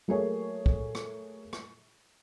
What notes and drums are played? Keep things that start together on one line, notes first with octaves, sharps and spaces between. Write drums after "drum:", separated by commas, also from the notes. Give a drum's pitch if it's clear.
F#3 A3 A#3 G#4 A#4 C#5
drum: kick
drum: rim click
drum: rim click